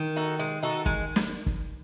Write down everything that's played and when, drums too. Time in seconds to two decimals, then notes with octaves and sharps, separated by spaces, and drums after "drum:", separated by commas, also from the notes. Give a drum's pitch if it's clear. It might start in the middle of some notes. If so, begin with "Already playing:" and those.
Already playing: D#3
0.16 D#4 F#4 A4
0.39 G#3
0.63 D#4 F#4 A4
0.86 G#3, drum: kick
1.16 drum: snare
1.46 drum: kick